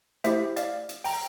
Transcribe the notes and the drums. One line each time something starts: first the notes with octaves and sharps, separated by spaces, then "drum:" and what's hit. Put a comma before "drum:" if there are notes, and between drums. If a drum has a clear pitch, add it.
A3 E4 G4 C5 E5, drum: hi-hat
D5 F5, drum: hi-hat
drum: hi-hat
G5 A#5, drum: open hi-hat